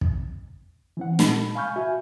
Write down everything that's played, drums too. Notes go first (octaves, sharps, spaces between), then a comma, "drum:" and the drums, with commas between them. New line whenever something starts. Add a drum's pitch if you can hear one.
drum: kick
E3 C4 F#5
A#2 G#3 A5 B5, drum: snare
F5 G#5 B5 C#6 F6 G6
F#4 E5 G#5